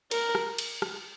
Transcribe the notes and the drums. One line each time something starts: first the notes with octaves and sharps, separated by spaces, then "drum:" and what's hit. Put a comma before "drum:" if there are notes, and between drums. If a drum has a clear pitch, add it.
A#4, drum: cymbal
drum: rim click
drum: cymbal
drum: rim click